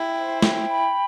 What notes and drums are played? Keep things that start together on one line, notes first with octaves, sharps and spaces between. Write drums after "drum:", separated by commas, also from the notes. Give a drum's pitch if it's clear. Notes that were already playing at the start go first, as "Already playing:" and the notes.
Already playing: E4 G5
C5
G5, drum: snare
B5